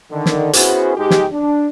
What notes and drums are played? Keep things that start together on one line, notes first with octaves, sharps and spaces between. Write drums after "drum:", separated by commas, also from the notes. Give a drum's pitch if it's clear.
D3 D#3
drum: snare
B3 C#4 E4 F#4 G#4 C5, drum: hi-hat
G#2 G#3 D#4 G4
drum: snare
D4